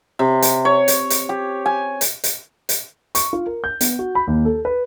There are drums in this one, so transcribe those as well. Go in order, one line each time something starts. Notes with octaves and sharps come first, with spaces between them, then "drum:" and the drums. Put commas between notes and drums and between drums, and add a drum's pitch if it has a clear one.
C3
drum: hi-hat
C#5
drum: hi-hat
drum: hi-hat
G4
G#5
drum: hi-hat
drum: hi-hat
drum: hi-hat
C#6, drum: hi-hat
F4
A#4
G6
B3, drum: hi-hat
F#4
B5
D#2
A4
B4